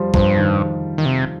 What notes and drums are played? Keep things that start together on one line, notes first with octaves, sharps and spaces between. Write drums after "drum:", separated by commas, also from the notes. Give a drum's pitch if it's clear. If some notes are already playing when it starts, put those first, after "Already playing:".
Already playing: F3 G3
G2 F3, drum: kick
D#3
D#3
C3